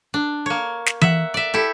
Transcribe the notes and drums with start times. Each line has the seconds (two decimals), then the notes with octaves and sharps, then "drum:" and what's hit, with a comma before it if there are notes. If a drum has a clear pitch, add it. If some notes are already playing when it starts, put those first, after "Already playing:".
0.14 D4
0.46 A#3 C#5
0.86 drum: snare
1.01 E5 F#5, drum: tom E3
1.34 D5 E5
1.54 E4 G4 A4